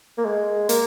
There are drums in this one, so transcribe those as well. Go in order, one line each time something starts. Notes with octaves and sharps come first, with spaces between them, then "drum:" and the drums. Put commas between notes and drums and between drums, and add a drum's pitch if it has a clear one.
A#3
G#3
A#3, drum: hi-hat